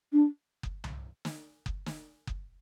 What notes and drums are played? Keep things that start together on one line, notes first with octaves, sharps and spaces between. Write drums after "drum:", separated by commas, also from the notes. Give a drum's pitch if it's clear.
D4
drum: kick F#1
drum: tom C2
drum: snare
drum: kick F#1
drum: snare
drum: kick F#1